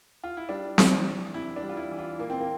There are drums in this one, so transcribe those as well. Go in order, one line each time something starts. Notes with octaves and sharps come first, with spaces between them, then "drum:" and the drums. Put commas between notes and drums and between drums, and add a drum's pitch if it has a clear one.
F4
E4
G3 D4
E3, drum: snare C4
C3
C3 E4
D4
G3
F4
E4
E3
F4
A#2 A#3
C4
A#3